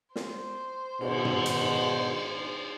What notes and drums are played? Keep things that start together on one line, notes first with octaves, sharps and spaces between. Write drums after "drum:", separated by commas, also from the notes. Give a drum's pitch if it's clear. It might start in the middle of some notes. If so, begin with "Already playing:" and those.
C5, drum: snare
G#2 B2 D#3, drum: cymbal
drum: tom
drum: hi-hat